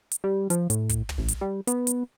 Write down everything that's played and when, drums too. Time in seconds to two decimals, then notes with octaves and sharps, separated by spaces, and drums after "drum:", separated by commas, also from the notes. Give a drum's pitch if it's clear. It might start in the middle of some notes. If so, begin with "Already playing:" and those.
0.11 drum: hi-hat
0.24 G3
0.50 F3, drum: hi-hat
0.70 A2, drum: hi-hat
0.89 drum: kick, hi-hat
1.09 drum: tom
1.18 A1
1.28 drum: hi-hat
1.41 G3
1.67 B3, drum: hi-hat
1.87 drum: hi-hat